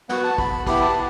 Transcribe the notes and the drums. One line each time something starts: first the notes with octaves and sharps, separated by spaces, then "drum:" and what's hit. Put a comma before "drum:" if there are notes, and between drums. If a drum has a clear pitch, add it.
B3 F#4 F#5, drum: snare
A5
B5, drum: kick
B3 E4 G4 B5, drum: kick, cymbal
A5